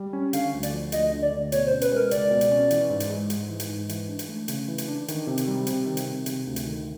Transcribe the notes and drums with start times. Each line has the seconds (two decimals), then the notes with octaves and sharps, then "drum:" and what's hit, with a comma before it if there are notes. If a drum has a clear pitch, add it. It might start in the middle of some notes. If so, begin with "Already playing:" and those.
Already playing: G3
0.13 C#4
0.33 D3 F5, drum: hi-hat
0.54 D2
0.63 D5, drum: hi-hat
0.72 F3
0.92 D2 D#5, drum: hi-hat
1.12 D3
1.22 D5
1.32 D2
1.52 B2 C#5, drum: hi-hat
1.67 C5
1.72 C#4
1.81 B4, drum: hi-hat
1.92 G#3 A#4
2.11 C#2 D5, drum: hi-hat
2.31 B2
2.41 drum: hi-hat
2.51 C#4
2.71 E3, drum: hi-hat
2.90 G#2
3.00 drum: hi-hat
3.10 G#3
3.30 G#2, drum: hi-hat
3.49 E3
3.60 drum: hi-hat
3.70 G#2
3.89 E3, drum: hi-hat
4.09 D4
4.19 drum: hi-hat
4.28 A3
4.48 C#3, drum: hi-hat
4.68 E3
4.78 drum: hi-hat
4.88 D4
5.08 D#3, drum: hi-hat
5.27 C3
5.38 drum: hi-hat
5.47 G3
5.67 C3, drum: hi-hat
5.86 D#3
5.97 drum: hi-hat
6.06 C3
6.26 C3, drum: hi-hat
6.47 D2
6.56 drum: hi-hat
6.65 D#3